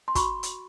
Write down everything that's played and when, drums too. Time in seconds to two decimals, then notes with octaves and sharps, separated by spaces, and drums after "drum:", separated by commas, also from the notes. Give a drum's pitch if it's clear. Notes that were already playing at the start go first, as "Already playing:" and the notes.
0.08 C6
0.15 F#4 B5 C#6, drum: kick, hi-hat
0.43 drum: hi-hat